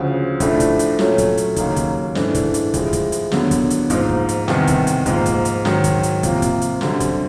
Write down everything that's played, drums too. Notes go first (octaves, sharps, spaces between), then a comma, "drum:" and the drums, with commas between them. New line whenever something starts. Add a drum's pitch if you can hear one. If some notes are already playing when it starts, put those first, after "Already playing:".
Already playing: D2 C#3 F3
A2 F3 A3 D4, drum: kick, hi-hat
drum: kick, hi-hat
drum: hi-hat
A#2 F#3 A3 C#4, drum: snare
drum: kick, hi-hat
drum: hi-hat
D#2 C#3 F#3 A#3 D#4, drum: kick, hi-hat
drum: kick, hi-hat
G#2 E3 A3 D4, drum: snare
drum: kick, hi-hat
drum: hi-hat
A2 F3 G#3, drum: kick, hi-hat
drum: kick, hi-hat
drum: hi-hat
D#2 D3 F#3 B3, drum: snare
drum: kick, hi-hat
drum: hi-hat
G#2 F3 A#3 D#4, drum: kick, hi-hat
drum: kick
drum: hi-hat
E2 C3 D#3 G3, drum: snare
drum: kick, hi-hat
drum: hi-hat
G#2 F3 A#3, drum: kick, hi-hat
drum: kick, hi-hat
drum: hi-hat
G#2 D#3 F#3, drum: snare
drum: kick, hi-hat
drum: hi-hat
C3 F3 A#3, drum: kick, hi-hat
drum: kick, hi-hat
drum: hi-hat
F#2 D3 G3 C4, drum: snare
drum: kick, hi-hat